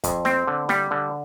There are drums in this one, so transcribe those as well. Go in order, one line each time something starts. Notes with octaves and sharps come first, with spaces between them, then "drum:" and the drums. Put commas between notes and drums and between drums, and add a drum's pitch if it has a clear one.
F2, drum: kick, hi-hat
C4, drum: snare
D3
G3, drum: snare
D3